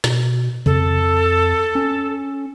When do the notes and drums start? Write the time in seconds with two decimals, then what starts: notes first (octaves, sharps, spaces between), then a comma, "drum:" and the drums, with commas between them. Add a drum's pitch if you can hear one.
0.04 B2, drum: snare
0.66 F2 A4, drum: tom C3
1.75 C#4